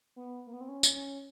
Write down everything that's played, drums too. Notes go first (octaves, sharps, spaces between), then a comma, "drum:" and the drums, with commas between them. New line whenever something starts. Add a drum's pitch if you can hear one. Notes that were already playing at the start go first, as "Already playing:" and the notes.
B3
A#3
B3
C4
C#4
drum: tambourine
C#4